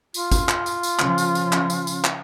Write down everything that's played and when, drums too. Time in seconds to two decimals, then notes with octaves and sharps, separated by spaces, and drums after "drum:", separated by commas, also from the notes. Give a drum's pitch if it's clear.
0.14 F4, drum: tambourine
0.32 drum: kick, tambourine
0.49 drum: clap
0.66 drum: tambourine
0.83 drum: tambourine
0.99 C#3 F3 C#4, drum: clap
1.18 drum: tambourine
1.35 drum: tambourine
1.52 drum: clap
1.70 drum: tambourine
1.87 drum: tambourine
2.04 drum: clap